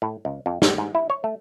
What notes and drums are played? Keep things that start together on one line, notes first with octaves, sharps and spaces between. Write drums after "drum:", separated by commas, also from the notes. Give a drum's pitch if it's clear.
A2
C#2
F2
G#2, drum: snare
G#2
E4
C#5
A3